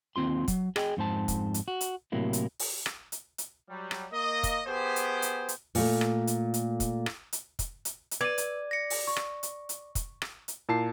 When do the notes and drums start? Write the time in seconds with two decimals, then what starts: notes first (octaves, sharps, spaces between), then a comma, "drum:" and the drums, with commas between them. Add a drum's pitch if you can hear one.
0.16 D#2 C4 F4 C6
0.48 F#3, drum: kick, hi-hat
0.76 G#4 D#5 G5, drum: rim click
0.97 F2 G#2 C5 A5
1.28 drum: kick, hi-hat
1.54 drum: hi-hat
1.68 F#4
1.81 drum: hi-hat
2.12 A2 C3 F#3 A#3 E4
2.33 drum: hi-hat
2.59 drum: open hi-hat
2.86 drum: rim click
3.12 drum: hi-hat
3.38 drum: hi-hat
3.69 F#3 G3
3.91 drum: rim click
4.12 A#3 D#5
4.43 drum: kick, hi-hat
4.67 B3 G4 G#4 C5
4.96 drum: hi-hat
5.22 drum: hi-hat
5.49 drum: hi-hat
5.75 A#2 A3, drum: open hi-hat
6.01 drum: rim click
6.27 drum: hi-hat
6.54 drum: hi-hat
6.80 drum: kick, hi-hat
7.06 drum: rim click
7.33 drum: hi-hat
7.59 drum: kick, hi-hat
7.85 drum: hi-hat
8.11 drum: hi-hat
8.21 B4 D5 G#6 D#7
8.38 drum: hi-hat
8.71 A#6 C#7
8.90 drum: open hi-hat
9.07 C#6
9.16 drum: rim click
9.43 drum: hi-hat
9.69 drum: hi-hat
9.95 drum: kick, hi-hat
10.22 drum: rim click
10.48 drum: hi-hat
10.69 A#2 E4 A5 C7